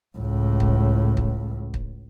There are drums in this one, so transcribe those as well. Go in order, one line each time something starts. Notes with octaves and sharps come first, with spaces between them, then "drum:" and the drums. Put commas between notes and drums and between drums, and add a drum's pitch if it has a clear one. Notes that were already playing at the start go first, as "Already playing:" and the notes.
C#2 A2
drum: kick
drum: kick
drum: kick